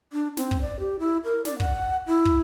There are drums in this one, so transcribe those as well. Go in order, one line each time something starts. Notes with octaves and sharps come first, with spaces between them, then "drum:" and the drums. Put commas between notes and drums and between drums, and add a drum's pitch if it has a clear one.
D4
C4, drum: snare
drum: kick
D5
G4
E4
A#4
D5, drum: snare
F#5, drum: kick
E4
drum: kick